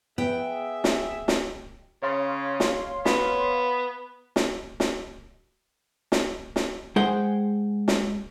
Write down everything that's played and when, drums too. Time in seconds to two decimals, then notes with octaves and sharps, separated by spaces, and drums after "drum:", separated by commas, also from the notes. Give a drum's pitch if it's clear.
0.18 B3 G#4 E5 G5
0.84 drum: snare
1.28 drum: snare
2.03 C#3 C#5 F5 C6
2.60 drum: snare
3.05 B3, drum: snare
4.36 drum: snare
4.80 drum: snare
6.12 drum: snare
6.56 drum: snare
6.96 G#3 G#4 C5 F#5 G5
7.88 drum: snare